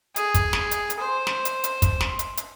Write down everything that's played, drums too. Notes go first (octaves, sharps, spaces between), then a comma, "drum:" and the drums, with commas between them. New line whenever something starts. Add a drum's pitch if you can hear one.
G#4, drum: hi-hat
drum: kick, hi-hat
drum: snare
drum: hi-hat
drum: hi-hat
C5
drum: snare
drum: hi-hat
drum: hi-hat
drum: kick, hi-hat
drum: snare
drum: hi-hat
drum: hi-hat